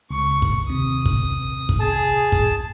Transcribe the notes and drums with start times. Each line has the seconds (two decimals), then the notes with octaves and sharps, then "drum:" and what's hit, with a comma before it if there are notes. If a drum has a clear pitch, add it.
0.11 C#2 C#6
0.42 drum: kick
0.70 D#2 C3 D#6
1.06 drum: kick
1.69 drum: kick
1.80 G#4 A5
2.32 drum: kick